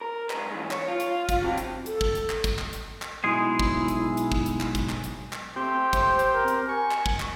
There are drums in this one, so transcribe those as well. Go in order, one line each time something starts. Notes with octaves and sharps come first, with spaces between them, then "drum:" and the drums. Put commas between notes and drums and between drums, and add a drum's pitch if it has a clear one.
A#4
G#2 B4, drum: clap
G#2 E3
C#5, drum: clap
F4
drum: hi-hat
drum: kick, hi-hat
C4 F#4
drum: hi-hat
A4, drum: hi-hat
drum: kick
drum: hi-hat
drum: clap
drum: kick, hi-hat
drum: clap
drum: hi-hat
drum: clap
B1 G#3 E4 G#4
drum: kick
drum: hi-hat
drum: hi-hat
drum: kick
drum: hi-hat
drum: clap
drum: kick, hi-hat
drum: clap
drum: hi-hat
drum: clap
A3 C4 G4
C5, drum: kick, hi-hat
drum: hi-hat
A#4
drum: hi-hat
G#5 C#6
drum: clap
drum: kick
drum: clap